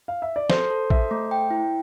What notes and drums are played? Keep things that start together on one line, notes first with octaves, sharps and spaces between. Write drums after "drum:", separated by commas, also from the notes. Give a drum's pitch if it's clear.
F5
E5
D5
A4 C5, drum: snare
A4
A4 E5, drum: kick A1
A3
G5
E4